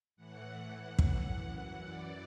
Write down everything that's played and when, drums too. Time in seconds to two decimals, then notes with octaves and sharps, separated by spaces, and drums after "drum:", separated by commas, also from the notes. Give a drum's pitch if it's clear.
0.16 A2 E3 F#5
0.99 drum: kick
1.28 F#2 E3
1.84 D5